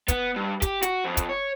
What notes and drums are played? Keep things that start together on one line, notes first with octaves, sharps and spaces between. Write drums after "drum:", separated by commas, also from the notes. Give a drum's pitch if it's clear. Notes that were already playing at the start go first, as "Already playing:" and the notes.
B3, drum: kick, hi-hat
G2
G4, drum: kick, hi-hat
F#4, drum: hi-hat
F2
drum: kick, hi-hat
C#5